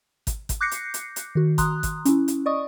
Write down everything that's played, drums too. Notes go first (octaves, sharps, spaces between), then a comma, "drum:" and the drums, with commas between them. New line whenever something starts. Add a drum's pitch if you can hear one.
drum: kick, hi-hat
drum: kick, hi-hat
D6 F#6 G6 A#6 C7 C#7
drum: hi-hat
drum: hi-hat
drum: hi-hat
D#3 F#4
A#5 C6 D#6 F#6, drum: kick, hi-hat
drum: kick, hi-hat
C#4 E4, drum: hi-hat
drum: hi-hat
D5 D#5 C#6 D#6